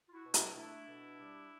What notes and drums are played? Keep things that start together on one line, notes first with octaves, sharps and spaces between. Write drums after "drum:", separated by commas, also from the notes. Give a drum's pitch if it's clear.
F4
E4 F#4
B2
D4 E4, drum: hi-hat
A3 D4 E4
B2
G3